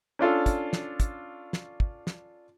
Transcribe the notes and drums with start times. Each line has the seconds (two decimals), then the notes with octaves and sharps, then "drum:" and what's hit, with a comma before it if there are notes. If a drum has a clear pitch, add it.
0.19 C#4 D4 F4 A4
0.46 drum: kick, hi-hat
0.73 drum: snare
1.00 drum: kick, hi-hat
1.53 drum: snare
1.80 drum: kick
2.07 drum: snare